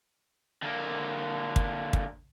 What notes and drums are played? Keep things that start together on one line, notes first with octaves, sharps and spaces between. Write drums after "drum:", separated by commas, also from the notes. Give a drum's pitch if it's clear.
D3 A#3
drum: kick
drum: kick